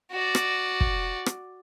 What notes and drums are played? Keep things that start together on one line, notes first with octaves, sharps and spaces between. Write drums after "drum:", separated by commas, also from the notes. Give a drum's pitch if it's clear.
F#4 D5
drum: rim click
drum: kick
drum: rim click